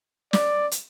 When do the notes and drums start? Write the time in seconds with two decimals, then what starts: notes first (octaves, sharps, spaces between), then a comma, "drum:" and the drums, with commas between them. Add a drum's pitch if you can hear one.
0.33 D5, drum: snare
0.71 drum: hi-hat